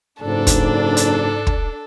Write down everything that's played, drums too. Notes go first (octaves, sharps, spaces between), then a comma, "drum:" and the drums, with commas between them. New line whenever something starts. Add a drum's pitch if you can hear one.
F#1 G#2 D4 A4
drum: kick, hi-hat
drum: hi-hat
drum: kick